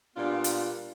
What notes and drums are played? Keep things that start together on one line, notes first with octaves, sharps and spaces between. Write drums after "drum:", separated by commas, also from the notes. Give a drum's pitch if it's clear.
A#2 G3 B3 D4 F4
drum: hi-hat